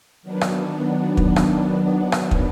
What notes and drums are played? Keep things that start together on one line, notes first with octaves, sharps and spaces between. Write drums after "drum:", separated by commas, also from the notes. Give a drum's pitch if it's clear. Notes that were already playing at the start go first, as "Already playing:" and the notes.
D#3 F#3 B3 D4
drum: rim click
drum: kick
drum: rim click
drum: rim click
drum: kick